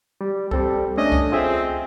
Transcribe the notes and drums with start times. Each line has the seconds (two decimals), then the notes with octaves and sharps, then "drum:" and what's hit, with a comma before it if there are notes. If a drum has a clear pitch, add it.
0.21 G3
0.51 G3 C4 A4, drum: kick C2
0.98 A3 C#4 D4 D#5
1.12 drum: kick C2
1.32 C4 F4 G#4 E5